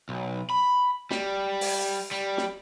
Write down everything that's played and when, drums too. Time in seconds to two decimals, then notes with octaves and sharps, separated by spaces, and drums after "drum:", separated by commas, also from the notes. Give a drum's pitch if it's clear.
0.09 B1
0.50 B5
1.11 G3, drum: snare
1.61 drum: open hi-hat
2.11 G3
2.38 drum: snare